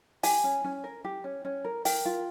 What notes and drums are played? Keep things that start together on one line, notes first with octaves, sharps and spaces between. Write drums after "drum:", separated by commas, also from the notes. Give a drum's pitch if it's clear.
G4 G#5, drum: open hi-hat
C#4
C#4
A#4
G4
C#4
C#4
A#4
A#4 G5, drum: open hi-hat
F4